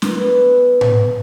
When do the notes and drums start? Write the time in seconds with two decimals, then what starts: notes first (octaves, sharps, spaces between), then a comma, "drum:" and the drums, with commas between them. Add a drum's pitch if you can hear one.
0.02 E3 B3 A#4, drum: snare
0.81 drum: tom A2